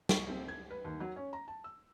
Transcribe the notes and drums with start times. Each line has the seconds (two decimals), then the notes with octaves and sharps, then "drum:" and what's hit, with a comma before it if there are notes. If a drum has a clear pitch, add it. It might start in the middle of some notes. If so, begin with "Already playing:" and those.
0.09 C#6, drum: snare
0.29 C4
0.48 G#6
0.71 B4
0.85 D#2
1.00 F#3
1.16 C#4
1.33 A#5
1.48 A5
1.64 E6